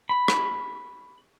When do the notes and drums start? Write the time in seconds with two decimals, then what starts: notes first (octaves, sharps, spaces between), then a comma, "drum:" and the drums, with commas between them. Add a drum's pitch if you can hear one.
0.09 B5
0.28 drum: rim click